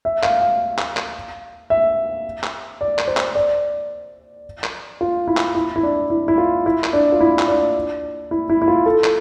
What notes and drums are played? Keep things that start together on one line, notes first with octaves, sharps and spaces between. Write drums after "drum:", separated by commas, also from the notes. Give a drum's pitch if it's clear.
E5
F5, drum: clap
F5
drum: clap
drum: clap
E5
drum: clap
D5
drum: clap
C5
drum: clap
D5
drum: clap
F4
E4
drum: clap
E4
E4
D4
E4
E4
F4
E4
drum: clap
D4
F4
E4
drum: clap
D4
E4
E4
E4
F4
A4
drum: clap